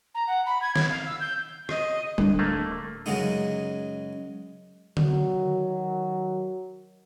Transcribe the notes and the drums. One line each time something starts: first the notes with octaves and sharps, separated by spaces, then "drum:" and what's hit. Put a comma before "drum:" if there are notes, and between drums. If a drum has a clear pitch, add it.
A#5
F#5
B5
G#6
G#6, drum: snare
F5
E6
G6
D#5, drum: rim click
D1 D4, drum: tom G3
A3 A#3
F#2 C#3 F#3 G#3 D#4
D#3 F#3, drum: tom D3